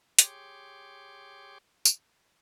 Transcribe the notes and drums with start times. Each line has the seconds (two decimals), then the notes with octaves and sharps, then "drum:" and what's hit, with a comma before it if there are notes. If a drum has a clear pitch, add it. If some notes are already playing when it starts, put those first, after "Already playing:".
0.19 G4 G#4 C#5 G5 C6 D6, drum: hi-hat
1.85 drum: tambourine